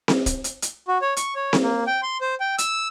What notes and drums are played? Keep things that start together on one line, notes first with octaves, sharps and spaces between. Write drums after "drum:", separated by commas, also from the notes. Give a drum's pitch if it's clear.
drum: snare C4
drum: kick, hi-hat
drum: hi-hat
drum: hi-hat
F#4
C#5
C#6, drum: hi-hat
C#5
drum: snare C4
A#3
G5
C6
C5
G5
E6, drum: hi-hat